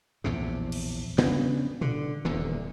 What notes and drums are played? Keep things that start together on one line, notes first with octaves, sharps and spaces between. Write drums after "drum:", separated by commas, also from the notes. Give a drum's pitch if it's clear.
A#1 E2 A2 C3
drum: cymbal
C#3 B3 D4, drum: snare
D3, drum: tom
D#1 E2 A#2 D3